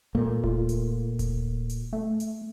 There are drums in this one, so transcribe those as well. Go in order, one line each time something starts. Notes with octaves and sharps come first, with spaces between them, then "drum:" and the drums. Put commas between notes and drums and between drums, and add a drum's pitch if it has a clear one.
A#2 A3 A#3
F4, drum: kick D#1
drum: hi-hat
drum: kick D#1, hi-hat
drum: hi-hat
A3
drum: hi-hat